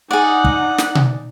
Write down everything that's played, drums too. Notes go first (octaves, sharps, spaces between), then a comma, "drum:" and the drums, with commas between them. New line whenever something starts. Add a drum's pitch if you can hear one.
D#4 G#4 D5 F#5
drum: kick
drum: snare
drum: tom B2